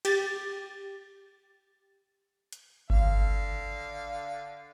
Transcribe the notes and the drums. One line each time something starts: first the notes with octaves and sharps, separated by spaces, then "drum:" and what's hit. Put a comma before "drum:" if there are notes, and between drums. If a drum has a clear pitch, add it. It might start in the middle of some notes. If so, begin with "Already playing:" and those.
G4 A6, drum: cymbal
drum: hi-hat
D3 F5, drum: kick G1